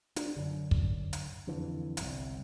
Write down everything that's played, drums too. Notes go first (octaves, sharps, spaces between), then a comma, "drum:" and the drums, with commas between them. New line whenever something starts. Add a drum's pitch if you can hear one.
D4, drum: hi-hat
F#2 D3
drum: kick
drum: hi-hat
F2 D3 E3
G1 C2, drum: hi-hat